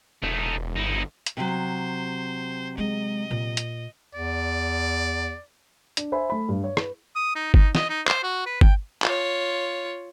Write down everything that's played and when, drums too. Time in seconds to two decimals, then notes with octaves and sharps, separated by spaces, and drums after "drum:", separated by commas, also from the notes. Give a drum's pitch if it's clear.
0.23 E1 A3 D#4
0.76 G1 D#4 E4
1.26 drum: hi-hat
1.37 C3 F#3 C5
2.78 G#3 D#5
3.31 A#2
3.57 drum: hi-hat
4.14 E2 D5
5.97 D4, drum: hi-hat
6.12 C5 E5 G#5 B5
6.30 A3 B5
6.49 G2
6.64 C#5
6.77 B4, drum: rim click
7.16 D#6
7.36 D#4
7.54 D#4, drum: kick G1
7.75 D#5, drum: snare
7.90 D#4
8.07 C5, drum: clap
8.23 F#4
8.46 B4
8.61 G5, drum: kick G1
9.02 F4 C#5, drum: clap